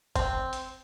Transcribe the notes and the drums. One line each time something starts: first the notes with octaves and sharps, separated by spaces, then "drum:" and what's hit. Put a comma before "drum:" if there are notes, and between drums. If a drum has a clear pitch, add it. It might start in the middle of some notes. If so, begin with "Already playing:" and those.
C4, drum: kick, hi-hat
drum: hi-hat